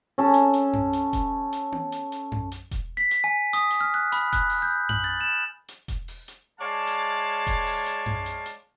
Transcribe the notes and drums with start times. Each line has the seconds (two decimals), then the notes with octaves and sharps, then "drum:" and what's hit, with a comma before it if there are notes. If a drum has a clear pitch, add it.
0.18 C#4 A4
0.34 drum: hi-hat
0.54 drum: hi-hat
0.73 drum: tom F#2
0.93 drum: hi-hat
1.13 drum: kick E1, hi-hat
1.53 drum: hi-hat
1.72 drum: tom B3
1.92 drum: hi-hat
2.12 drum: hi-hat
2.32 drum: tom F#2
2.52 drum: hi-hat
2.71 drum: kick E1, hi-hat
2.97 B6
3.11 drum: hi-hat
3.24 G#5
3.53 D#6, drum: hi-hat
3.70 drum: hi-hat
3.81 F6
3.94 F#6
4.12 B5, drum: hi-hat
4.33 F#6, drum: kick E1, hi-hat
4.50 drum: open hi-hat
4.62 G6
4.89 F#7, drum: tom F#2
5.04 A6
5.21 E7
5.68 drum: hi-hat
5.88 drum: kick E1, hi-hat
6.08 drum: open hi-hat
6.28 drum: hi-hat
6.60 G#3 C#5 D5 F5 A5
6.87 drum: hi-hat
7.47 drum: kick E1, hi-hat
7.66 drum: open hi-hat
7.86 drum: hi-hat
8.06 drum: tom F#2
8.26 drum: hi-hat
8.46 drum: hi-hat